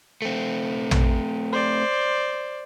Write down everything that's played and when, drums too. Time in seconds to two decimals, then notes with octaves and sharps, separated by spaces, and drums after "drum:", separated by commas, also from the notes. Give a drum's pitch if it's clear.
0.22 A3 C4
0.91 drum: tom
1.53 C5 D5